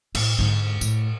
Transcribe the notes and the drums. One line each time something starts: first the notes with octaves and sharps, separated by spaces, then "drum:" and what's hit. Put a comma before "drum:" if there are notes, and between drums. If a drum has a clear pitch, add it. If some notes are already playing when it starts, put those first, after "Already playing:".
A2, drum: cymbal
G#2 D3
A2, drum: tambourine